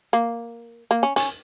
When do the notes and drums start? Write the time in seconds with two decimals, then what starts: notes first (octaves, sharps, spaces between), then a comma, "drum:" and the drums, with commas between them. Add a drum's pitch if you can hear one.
0.13 A#3
0.91 A#3
1.03 C#4
1.16 C#4, drum: hi-hat